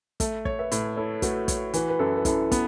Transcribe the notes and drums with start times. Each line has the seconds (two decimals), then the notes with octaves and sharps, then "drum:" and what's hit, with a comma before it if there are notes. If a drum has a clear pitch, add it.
0.20 A3 E5 A5, drum: kick, hi-hat
0.45 C#5, drum: kick
0.59 B4 E5
0.72 A2, drum: hi-hat
0.97 E4 A4 C#5
1.22 A3 F#4 B4, drum: kick, hi-hat
1.48 C#5, drum: kick, hi-hat
1.74 E3 F#4 B4, drum: hi-hat
1.89 B4
1.99 F#2 E4 A4
2.17 B4
2.25 F#2 E4 A4, drum: kick, hi-hat
2.52 B3, drum: kick, hi-hat